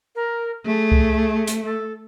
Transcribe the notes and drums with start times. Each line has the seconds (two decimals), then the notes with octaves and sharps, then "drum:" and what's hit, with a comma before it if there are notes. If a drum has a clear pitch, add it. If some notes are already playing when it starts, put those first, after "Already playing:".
0.15 A#4
0.66 A3 G#4
0.92 drum: kick C2
1.47 drum: hi-hat
1.65 A4